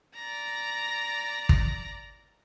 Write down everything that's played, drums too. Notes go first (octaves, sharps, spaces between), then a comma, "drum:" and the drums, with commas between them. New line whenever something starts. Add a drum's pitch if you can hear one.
D5 A#5
drum: kick